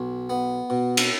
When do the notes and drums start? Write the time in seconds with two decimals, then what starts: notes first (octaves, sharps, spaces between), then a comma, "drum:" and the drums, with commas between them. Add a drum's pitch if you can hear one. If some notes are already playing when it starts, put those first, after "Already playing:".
Already playing: B1
0.30 B3
0.70 B2
0.97 drum: cymbal